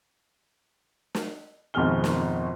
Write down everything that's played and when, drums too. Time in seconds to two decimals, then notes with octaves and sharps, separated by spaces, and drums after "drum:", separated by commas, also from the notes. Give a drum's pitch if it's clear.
1.15 drum: snare
1.74 G#1 F2 B2 G#4 F6 G7
2.04 drum: snare